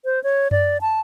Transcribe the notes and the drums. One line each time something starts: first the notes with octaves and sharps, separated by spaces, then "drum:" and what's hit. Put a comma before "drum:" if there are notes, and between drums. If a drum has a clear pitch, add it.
C5
C#5
D5, drum: tom F#2
A5